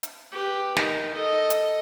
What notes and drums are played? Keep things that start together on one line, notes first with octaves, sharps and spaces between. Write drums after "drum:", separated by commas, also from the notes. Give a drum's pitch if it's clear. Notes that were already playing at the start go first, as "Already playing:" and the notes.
drum: hi-hat
G4 B4
D#4 A#4, drum: snare
A4 D#5
drum: hi-hat